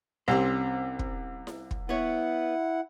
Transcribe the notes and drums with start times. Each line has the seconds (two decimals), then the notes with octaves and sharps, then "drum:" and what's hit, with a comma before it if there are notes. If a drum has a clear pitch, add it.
0.28 C2 C4 C#4 G4 C5
0.99 drum: kick
1.47 drum: snare E4
1.71 drum: kick
1.89 B3 E4 C#5 F#5